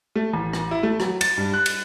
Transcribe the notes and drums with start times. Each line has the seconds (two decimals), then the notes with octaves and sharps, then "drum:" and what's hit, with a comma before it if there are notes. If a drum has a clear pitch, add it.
0.15 A3
0.34 A1
0.53 drum: rim click
0.71 E4
0.83 A3
1.00 F#3, drum: rim click
1.21 A6, drum: cymbal
1.37 G2
1.54 F#6
1.66 drum: cymbal